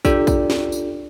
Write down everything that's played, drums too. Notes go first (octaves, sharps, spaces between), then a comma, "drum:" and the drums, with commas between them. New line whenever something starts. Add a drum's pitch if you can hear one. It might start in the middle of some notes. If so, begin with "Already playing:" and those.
D4 F4 G4 A4 D5, drum: kick, tambourine
drum: kick, tambourine
drum: snare
drum: tambourine